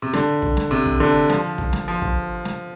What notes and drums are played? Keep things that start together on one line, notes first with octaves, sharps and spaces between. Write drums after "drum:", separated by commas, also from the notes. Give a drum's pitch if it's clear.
C3
D3, drum: snare
drum: kick
drum: snare
C3
drum: kick
D3
F3, drum: snare
drum: kick
drum: snare
F3
drum: kick
drum: snare